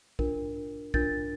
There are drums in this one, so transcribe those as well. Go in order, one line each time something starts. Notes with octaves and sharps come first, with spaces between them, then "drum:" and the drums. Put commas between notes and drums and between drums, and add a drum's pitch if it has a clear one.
D4 F4 A#4, drum: kick
D4 F4 A#4 G6 A6, drum: kick